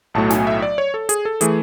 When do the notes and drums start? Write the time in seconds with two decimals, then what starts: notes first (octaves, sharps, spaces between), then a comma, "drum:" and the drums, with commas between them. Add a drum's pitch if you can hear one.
0.14 B1 A2 F#3 A3 A5
0.31 G#5, drum: snare
0.47 E5
0.62 D5
0.78 C#5
0.94 A4
1.09 G#4, drum: hi-hat
1.25 A4
1.41 E3 A3 G#4, drum: hi-hat